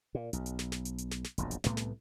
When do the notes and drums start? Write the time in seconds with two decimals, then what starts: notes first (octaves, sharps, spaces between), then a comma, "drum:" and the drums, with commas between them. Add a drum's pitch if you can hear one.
0.15 A#2
0.33 B1, drum: hi-hat
0.46 drum: hi-hat
0.59 drum: snare
0.72 drum: snare
0.85 drum: hi-hat
0.98 drum: hi-hat
1.11 drum: snare
1.25 drum: snare
1.38 E1 A#1 F#2, drum: hi-hat
1.51 drum: hi-hat
1.64 C2 A2 A3 B3, drum: snare
1.77 drum: snare